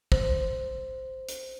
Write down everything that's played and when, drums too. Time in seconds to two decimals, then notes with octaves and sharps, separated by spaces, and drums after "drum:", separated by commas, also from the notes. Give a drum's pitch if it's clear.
0.12 C5, drum: kick
1.29 drum: hi-hat